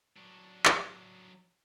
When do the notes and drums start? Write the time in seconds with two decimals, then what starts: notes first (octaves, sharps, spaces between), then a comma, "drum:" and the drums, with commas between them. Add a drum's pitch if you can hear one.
0.16 F#3 D4
0.65 drum: clap